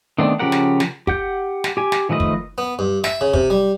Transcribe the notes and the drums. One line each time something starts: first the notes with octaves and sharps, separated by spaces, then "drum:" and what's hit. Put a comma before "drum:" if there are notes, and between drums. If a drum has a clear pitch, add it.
D#3 A3 B3 C4 D4
C#3 F3 G4 A#4 F#5
drum: snare
drum: snare
G4 F#5 G6, drum: kick
drum: snare
G4 G#5
drum: snare
D#3 F3 A3 B4 D#5
drum: kick
B3
G2
E5, drum: snare
C#3
C3, drum: kick
G3